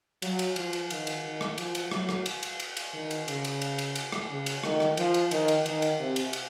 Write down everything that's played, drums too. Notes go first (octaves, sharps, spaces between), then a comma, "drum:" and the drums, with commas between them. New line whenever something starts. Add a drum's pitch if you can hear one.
F#3, drum: cymbal
drum: cymbal
F3, drum: cymbal
drum: cymbal
D#3, drum: cymbal
drum: cymbal
D#3
drum: rim click
F3, drum: cymbal
drum: cymbal
F#3, drum: rim click
drum: rim click
drum: cymbal
drum: cymbal
drum: cymbal
drum: cymbal
D#3
drum: cymbal
C#3, drum: cymbal
drum: cymbal
drum: cymbal
drum: cymbal
drum: cymbal
drum: rim click
C#3
drum: cymbal
D#3, drum: rim click
drum: rim click
F3, drum: cymbal
drum: cymbal
D#3, drum: cymbal
drum: cymbal
D#3, drum: cymbal
drum: cymbal
C3
drum: cymbal
drum: cymbal